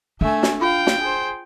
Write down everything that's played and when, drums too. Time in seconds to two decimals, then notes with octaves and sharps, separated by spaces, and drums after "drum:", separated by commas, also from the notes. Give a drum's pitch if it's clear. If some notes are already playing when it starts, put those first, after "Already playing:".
0.21 A3 D4 E5 G#5
0.43 drum: snare
0.61 F4 F5 G5
0.87 drum: snare
1.00 G#4 C5